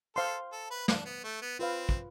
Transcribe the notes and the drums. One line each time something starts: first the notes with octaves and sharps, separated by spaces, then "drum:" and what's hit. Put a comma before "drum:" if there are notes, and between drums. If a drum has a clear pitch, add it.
A4 C5 F5 C6
A4
B4
D4, drum: snare
B3
A3
B3
C4 F4 B4 F5
drum: kick